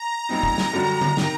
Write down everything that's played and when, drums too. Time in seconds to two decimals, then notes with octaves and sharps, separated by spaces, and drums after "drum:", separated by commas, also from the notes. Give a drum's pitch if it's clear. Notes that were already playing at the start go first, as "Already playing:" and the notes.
Already playing: A#5
0.29 A#2 G3 C4 D#4 A#5
0.43 drum: kick
0.58 drum: snare
0.72 F#2 D3 G3 D4 F#4 A#5
1.01 drum: tom D3
1.17 C3 D#3, drum: snare